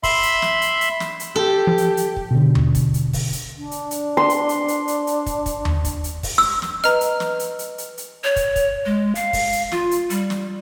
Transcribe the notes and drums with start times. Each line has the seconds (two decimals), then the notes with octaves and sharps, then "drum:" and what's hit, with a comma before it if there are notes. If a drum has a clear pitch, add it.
0.03 E5 B5 C6, drum: kick, open hi-hat
0.23 drum: hi-hat
0.42 drum: snare
0.62 drum: hi-hat
0.81 drum: hi-hat
1.00 drum: snare
1.20 drum: hi-hat
1.36 G4 A4
1.67 F3
1.78 drum: hi-hat
1.97 drum: hi-hat
2.16 drum: kick
2.31 B2 D3
2.55 drum: tom D#2
2.75 drum: kick, hi-hat
2.94 drum: hi-hat
3.13 drum: kick, open hi-hat
3.33 drum: hi-hat
3.58 D4
3.71 drum: hi-hat
3.91 drum: hi-hat
4.17 C6
4.30 drum: hi-hat
4.49 drum: hi-hat
4.68 drum: hi-hat
4.88 drum: hi-hat
5.07 drum: hi-hat
5.26 drum: kick, hi-hat
5.46 drum: kick, hi-hat
5.65 drum: tom D#2
5.85 drum: kick, hi-hat
6.04 drum: hi-hat
6.23 drum: kick, open hi-hat
6.38 E6
6.62 drum: snare
6.84 B4 D#5 A#5 F6, drum: hi-hat
7.01 drum: hi-hat
7.20 drum: snare
7.39 drum: hi-hat
7.59 drum: hi-hat
7.78 drum: hi-hat
7.98 drum: hi-hat
8.24 C#5
8.36 drum: kick, hi-hat
8.56 drum: kick, hi-hat
8.86 G#3
9.15 F5, drum: hi-hat
9.33 drum: kick, open hi-hat
9.53 drum: hi-hat
9.72 F4, drum: snare
9.91 drum: hi-hat
10.10 G3, drum: hi-hat
10.30 drum: snare